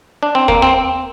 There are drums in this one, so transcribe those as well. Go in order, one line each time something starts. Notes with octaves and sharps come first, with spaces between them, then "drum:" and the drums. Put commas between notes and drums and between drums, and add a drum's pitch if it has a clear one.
D4
C4
A#3, drum: kick
C4